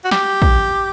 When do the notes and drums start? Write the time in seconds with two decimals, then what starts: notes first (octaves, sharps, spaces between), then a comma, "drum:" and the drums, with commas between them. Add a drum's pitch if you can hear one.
0.04 F#4
0.11 G4, drum: snare
0.42 drum: kick